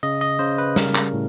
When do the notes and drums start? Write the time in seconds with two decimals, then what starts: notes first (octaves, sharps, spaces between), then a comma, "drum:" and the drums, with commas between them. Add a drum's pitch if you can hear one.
0.03 C#3 D#5
0.21 D#5
0.39 C#3 C5
0.58 B4
0.76 G3 A#4, drum: snare
0.95 drum: clap
1.13 A2